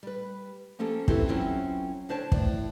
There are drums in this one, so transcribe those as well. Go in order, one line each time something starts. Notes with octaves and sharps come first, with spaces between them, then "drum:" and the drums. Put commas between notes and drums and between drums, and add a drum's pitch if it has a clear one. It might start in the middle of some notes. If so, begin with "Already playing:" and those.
G3 B4
F3 A#3 C#4 G4 A4
C4 E4 F#4 G4 A4 B4, drum: kick
F#3 C4 C#4 E4 F4
D3 D4 C5 C#5 A5
A2 B4 D5, drum: kick